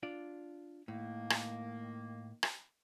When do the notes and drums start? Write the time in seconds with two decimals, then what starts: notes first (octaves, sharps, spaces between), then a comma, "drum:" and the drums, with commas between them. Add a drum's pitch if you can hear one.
0.03 D4 F4 D5
0.88 A2 D#3 A#3
1.30 drum: rim click
2.43 drum: rim click